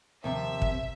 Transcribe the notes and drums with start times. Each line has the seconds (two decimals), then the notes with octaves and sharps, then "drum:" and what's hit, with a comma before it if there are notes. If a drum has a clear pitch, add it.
0.24 D#2 C3 F3 E5
0.62 drum: kick